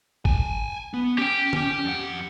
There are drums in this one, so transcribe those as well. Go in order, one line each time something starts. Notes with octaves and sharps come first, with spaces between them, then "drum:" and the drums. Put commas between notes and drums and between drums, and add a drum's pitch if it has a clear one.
G5 G#5, drum: kick
B3
C#4 G4 G5
drum: tom
F2 F#5